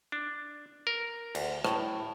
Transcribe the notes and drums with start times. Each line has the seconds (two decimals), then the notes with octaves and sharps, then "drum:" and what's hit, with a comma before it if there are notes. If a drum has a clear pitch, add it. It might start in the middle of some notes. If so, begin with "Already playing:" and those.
0.12 D4
0.87 A#4
1.35 D2, drum: cymbal
1.65 A2, drum: rim click